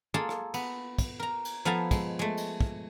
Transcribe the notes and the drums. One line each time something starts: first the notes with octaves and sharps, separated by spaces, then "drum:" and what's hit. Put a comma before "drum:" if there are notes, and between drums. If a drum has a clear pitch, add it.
A#3 F4 G#4 A4
drum: rim click
B3, drum: cymbal
drum: kick, cymbal
A#4 A#5
drum: cymbal
F3 B3 A4 F5 G#5 A#5
G#3, drum: kick, cymbal
G#3 A3
drum: cymbal
drum: kick